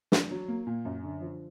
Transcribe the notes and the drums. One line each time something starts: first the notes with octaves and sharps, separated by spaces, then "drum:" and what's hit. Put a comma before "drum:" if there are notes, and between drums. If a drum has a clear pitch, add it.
D4, drum: snare
F#3
A#3
A#2
F#2
D3
F3